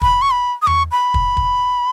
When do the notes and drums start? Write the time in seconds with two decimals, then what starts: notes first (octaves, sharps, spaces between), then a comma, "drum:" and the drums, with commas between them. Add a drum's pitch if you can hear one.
0.02 B5, drum: kick
0.22 C#6
0.31 B5
0.62 D#6
0.67 C#6, drum: tom E2
0.92 B5
1.14 drum: kick
1.37 drum: kick